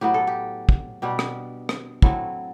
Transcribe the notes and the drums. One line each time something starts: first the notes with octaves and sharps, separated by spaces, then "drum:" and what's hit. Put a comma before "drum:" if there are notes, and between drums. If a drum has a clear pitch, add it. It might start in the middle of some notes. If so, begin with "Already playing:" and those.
A2 F#3 B3 G4
A4
G4
drum: kick
B2 G3 D4 G4
drum: rim click
drum: rim click
A2 F#3 C4 E4 A4, drum: kick